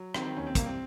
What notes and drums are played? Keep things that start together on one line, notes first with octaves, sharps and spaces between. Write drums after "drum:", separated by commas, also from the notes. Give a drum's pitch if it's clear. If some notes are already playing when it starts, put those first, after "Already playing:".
Already playing: F#3
D#3 C4, drum: rim click
D#2 C#4
C4
C2 A#3, drum: kick, hi-hat
C4